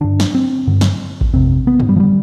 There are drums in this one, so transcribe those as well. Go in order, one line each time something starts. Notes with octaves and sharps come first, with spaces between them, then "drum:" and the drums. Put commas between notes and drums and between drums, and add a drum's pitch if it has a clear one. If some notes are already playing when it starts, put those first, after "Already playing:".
G2 D3 D4
drum: snare
C4
G2 D3
drum: snare
drum: kick A1
F2 C3 C4
B3
drum: tom
G3
F3
D3 G3